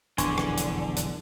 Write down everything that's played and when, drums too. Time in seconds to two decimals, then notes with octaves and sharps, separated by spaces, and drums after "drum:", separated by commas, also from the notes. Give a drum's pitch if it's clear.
0.18 F1 B1 E2 D3 G#5 C6 C#6, drum: hi-hat
0.38 drum: rim click
0.57 drum: hi-hat
0.96 drum: hi-hat